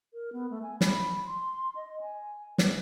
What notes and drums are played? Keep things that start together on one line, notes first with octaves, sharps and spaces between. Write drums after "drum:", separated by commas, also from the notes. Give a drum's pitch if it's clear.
A#4
B3
A3
G#5
B5, drum: snare
C6
D#5
G#5
B4, drum: snare